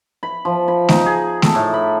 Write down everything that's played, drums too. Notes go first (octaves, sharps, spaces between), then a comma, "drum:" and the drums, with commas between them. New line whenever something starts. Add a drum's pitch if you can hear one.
B5
F3
B5
D#4, drum: snare A3
G#4
A4, drum: snare A3
A2
B5